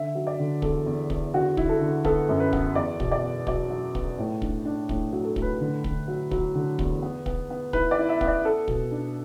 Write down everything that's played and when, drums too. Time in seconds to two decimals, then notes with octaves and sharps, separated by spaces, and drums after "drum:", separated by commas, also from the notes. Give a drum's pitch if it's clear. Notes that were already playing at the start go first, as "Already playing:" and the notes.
Already playing: D3 E5
0.15 F#3
0.27 D5
0.39 D3
0.62 E2 A4, drum: kick
0.86 E2
1.10 E2, drum: kick
1.34 D3 F#4
1.57 E4, drum: kick
1.69 A4
1.81 D3
2.05 B3 A4, drum: kick
2.29 F#2
2.40 B4
2.53 B3, drum: kick
2.75 E2 D5
3.00 B2, drum: kick
3.12 D5
3.23 B3
3.47 F#3 D5, drum: kick
3.70 F#3
3.95 B3, drum: kick
4.18 A2
4.42 D4, drum: kick
4.65 D4
4.89 A2, drum: kick
5.13 F#3
5.24 A4
5.36 A2, drum: kick
5.42 B4
5.60 D3
5.84 D3, drum: kick
6.08 F#3
6.31 F#3, drum: kick
6.55 D3
6.79 E2, drum: kick
7.02 B3
7.26 B3, drum: kick
7.50 B3
7.73 E4 B4, drum: kick
7.91 D5
7.98 E4
8.09 E5
8.21 B3, drum: kick
8.27 D5
8.45 B3 A4
8.68 B2, drum: kick
8.91 D4